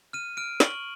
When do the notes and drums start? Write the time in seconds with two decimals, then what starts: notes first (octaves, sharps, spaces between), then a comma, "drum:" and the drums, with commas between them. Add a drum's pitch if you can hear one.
0.13 F6 D#7
0.37 F6 D7
0.60 C#6 F#7, drum: snare